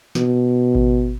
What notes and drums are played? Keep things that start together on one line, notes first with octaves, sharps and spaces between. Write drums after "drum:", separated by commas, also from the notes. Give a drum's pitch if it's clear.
B2, drum: snare
drum: kick G#1